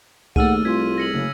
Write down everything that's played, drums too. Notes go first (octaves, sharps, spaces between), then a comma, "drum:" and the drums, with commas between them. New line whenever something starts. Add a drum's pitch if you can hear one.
D#2 A3 G#4 F#5 E6 F6 D#7, drum: kick C2
C2 F4 G#6 B6
A#6 C#7 F#7
F#1 C#3